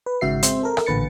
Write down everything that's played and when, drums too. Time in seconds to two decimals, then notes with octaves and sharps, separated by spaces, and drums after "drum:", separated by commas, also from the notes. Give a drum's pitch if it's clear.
0.06 B4
0.21 G#1 G#2 C#3 F#4 E5 C7
0.43 G#3 C4 C5 E5, drum: hi-hat
0.63 A4 A#4
0.77 drum: rim click
0.86 A1 A#2 D3 B4 A6 C#7